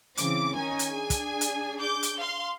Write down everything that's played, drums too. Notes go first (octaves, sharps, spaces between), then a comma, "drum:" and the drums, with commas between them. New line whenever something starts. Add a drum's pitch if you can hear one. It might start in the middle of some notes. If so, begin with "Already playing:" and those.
C#3 E3 C4 D6, drum: hi-hat
D#3 C#4 D#4 G#5
drum: hi-hat
D4 G#4
drum: kick, hi-hat
drum: hi-hat
D6 G6
drum: hi-hat
F5 C6